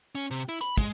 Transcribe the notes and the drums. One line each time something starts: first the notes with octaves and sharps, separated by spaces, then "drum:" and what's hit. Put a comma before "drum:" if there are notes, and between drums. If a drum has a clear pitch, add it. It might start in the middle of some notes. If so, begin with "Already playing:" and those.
C#4
C3
E4
B5, drum: hi-hat
G#3, drum: kick, hi-hat